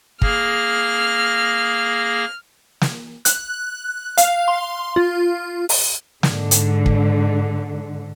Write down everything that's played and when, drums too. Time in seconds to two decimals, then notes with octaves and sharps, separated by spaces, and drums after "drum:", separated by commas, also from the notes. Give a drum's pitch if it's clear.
0.22 A#3 G#4 F6 A#6, drum: kick
2.81 drum: snare
3.25 F#6, drum: hi-hat
4.18 F5, drum: hi-hat
4.48 C6
4.96 F4
5.69 drum: open hi-hat
6.23 G#2 D3, drum: snare
6.51 drum: hi-hat
6.86 drum: kick